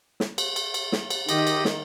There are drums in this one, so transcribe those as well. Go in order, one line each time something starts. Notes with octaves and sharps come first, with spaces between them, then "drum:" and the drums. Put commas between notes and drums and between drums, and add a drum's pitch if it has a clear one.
drum: snare
drum: cymbal
drum: cymbal
drum: cymbal
drum: snare
drum: cymbal
D#3 G4 D#5, drum: cymbal
drum: cymbal
drum: snare